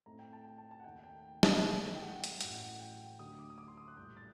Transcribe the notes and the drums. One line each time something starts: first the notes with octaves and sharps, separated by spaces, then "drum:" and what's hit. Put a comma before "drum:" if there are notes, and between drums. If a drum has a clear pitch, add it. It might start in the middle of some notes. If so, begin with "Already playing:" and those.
A2 A3 C4 D#4 A#5
G5
A5
G5
A5
A5
F#5
D#2 D#3 A3 D#4 G5
G5
drum: snare
G2 D#3 A3 D#4
G5
F#5
drum: hi-hat
A1 A2 F#3 F#5, drum: hi-hat
F#5
G5
D2 D3 F#3 A3 D#4 D#6
D6
D#6
D6
C6
D#6
F#6
A#1 A2 G3 G6
A6